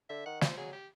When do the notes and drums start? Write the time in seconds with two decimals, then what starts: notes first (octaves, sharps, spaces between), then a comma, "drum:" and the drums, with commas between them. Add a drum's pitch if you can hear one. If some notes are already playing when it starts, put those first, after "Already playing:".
0.09 D3 E5
0.26 D#3 F#5
0.41 F3 C5, drum: snare
0.57 F#3 G#4
0.73 G4